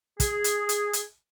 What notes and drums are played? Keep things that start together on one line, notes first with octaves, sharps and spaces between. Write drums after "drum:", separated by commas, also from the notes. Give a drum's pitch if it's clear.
G#4, drum: kick, hi-hat
drum: hi-hat
drum: hi-hat
drum: hi-hat